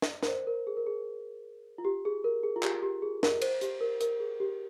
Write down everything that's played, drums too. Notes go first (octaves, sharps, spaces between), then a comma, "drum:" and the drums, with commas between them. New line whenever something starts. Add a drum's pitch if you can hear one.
drum: snare
A#4, drum: snare
C5
A#4
G#4
A#4
G#4
F4
G4
G#4
A#4
G#4
F4
G4, drum: clap
G4
G#4
A#4, drum: snare
C5, drum: cymbal
G4, drum: hi-hat
A#4
A#4, drum: hi-hat
G#4
G4